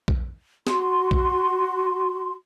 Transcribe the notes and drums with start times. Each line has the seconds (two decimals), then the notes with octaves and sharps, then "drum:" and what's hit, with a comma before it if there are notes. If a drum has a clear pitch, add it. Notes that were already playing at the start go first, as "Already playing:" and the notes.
0.08 drum: kick A#1
0.67 F#4 C6, drum: snare
1.11 drum: kick A#1